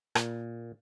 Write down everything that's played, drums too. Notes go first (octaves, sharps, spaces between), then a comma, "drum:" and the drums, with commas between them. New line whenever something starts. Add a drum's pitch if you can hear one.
A#2, drum: rim click